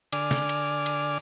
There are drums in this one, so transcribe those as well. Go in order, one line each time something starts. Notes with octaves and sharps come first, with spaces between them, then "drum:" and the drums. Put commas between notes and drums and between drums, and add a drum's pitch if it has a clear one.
D3 D5 G#5 D6 F6, drum: cymbal
drum: snare
drum: cymbal
drum: cymbal